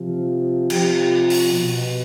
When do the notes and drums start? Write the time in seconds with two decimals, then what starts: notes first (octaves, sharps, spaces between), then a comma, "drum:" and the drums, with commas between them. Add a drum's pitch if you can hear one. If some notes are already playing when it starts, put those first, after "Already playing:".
Already playing: C3 F3
0.70 C3 F3 G4, drum: cymbal
1.30 drum: open hi-hat
1.52 B2